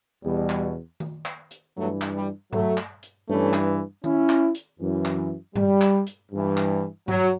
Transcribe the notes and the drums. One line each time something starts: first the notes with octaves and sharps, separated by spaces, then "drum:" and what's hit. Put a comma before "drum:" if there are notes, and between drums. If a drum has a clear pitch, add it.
E2 B2 G3
drum: clap
drum: tom D#3
drum: clap
drum: hi-hat
G2 E3 F#3 A3
drum: clap
G3
F#3 A3, drum: tom G2
drum: clap
drum: hi-hat
G2 E3 A3 C#4
drum: clap
C#4 E4, drum: tom D#3
drum: clap
drum: hi-hat
F#2 E3
drum: clap
G3, drum: tom G2
drum: clap
drum: hi-hat
G2 E3
drum: clap
F#3, drum: tom G2